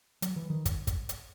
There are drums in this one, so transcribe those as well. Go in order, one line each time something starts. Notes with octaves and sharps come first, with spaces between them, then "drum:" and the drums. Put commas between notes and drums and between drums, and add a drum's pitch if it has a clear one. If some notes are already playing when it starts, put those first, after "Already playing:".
F#3, drum: hi-hat
E3
D#3
drum: kick, hi-hat
drum: kick, hi-hat
drum: hi-hat